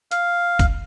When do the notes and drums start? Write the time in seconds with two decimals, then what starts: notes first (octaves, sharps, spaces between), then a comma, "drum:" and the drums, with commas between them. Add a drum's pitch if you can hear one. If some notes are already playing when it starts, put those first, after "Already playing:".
0.11 F5, drum: hi-hat
0.59 drum: kick, hi-hat